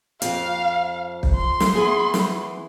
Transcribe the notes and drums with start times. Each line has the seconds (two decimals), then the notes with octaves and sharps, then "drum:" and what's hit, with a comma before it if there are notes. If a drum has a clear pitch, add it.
0.22 F2 C4 F5, drum: hi-hat
1.23 drum: kick
1.35 C6
1.60 drum: snare
1.75 E3 B3 G#4
2.14 drum: snare